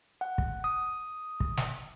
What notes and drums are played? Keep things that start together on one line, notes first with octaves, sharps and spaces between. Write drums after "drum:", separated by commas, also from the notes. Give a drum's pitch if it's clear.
F#5
drum: kick
D#6
drum: kick
drum: snare